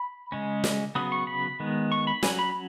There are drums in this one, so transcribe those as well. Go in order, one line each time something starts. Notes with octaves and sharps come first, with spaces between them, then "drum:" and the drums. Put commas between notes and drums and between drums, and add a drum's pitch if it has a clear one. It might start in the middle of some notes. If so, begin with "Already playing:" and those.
Already playing: B5
C#3 G#3 C#4
drum: snare
C#3 F#3 B3 D#6
C#6
B5
D#3 G#3 B3
C#6
B5
F#3 C#4 G#5, drum: snare
B5